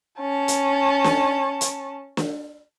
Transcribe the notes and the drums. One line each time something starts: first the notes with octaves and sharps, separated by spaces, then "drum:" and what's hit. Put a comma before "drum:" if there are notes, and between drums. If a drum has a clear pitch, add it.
C#4 A5
drum: hi-hat
drum: snare
drum: hi-hat
drum: snare